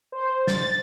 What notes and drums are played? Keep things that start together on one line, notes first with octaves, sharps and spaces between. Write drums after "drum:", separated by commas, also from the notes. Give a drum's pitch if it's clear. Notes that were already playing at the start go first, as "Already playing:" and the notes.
C5
A6, drum: snare